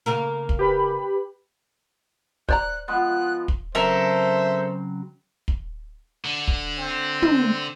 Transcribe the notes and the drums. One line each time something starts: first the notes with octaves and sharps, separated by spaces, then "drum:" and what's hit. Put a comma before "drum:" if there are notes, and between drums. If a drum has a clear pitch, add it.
C#3 A#3 A#4
drum: kick
G4 B4 B5
C5 D5 A#5 F#6, drum: kick
F3 G#3 B3 F#6
drum: kick
C#3 F#3 C4 A4 A#4 C5 E5
drum: kick
D3
drum: kick
C4
drum: tom